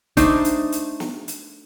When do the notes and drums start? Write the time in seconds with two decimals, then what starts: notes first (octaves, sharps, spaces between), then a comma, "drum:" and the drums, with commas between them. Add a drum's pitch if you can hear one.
0.17 A3 D4 D#4 C5, drum: kick, hi-hat
0.45 drum: hi-hat
0.72 drum: hi-hat
1.00 drum: snare
1.28 drum: hi-hat